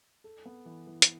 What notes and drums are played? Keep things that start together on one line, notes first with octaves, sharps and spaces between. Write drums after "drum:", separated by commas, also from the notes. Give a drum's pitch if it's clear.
A4
B3
E3
E3
drum: hi-hat